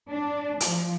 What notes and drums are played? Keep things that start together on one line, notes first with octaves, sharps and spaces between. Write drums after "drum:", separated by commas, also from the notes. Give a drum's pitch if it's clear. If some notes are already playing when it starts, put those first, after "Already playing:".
D4
F3, drum: hi-hat